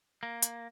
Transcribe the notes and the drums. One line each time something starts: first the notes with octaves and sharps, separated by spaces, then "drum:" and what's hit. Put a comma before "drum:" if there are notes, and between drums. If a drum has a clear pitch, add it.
A#3
drum: hi-hat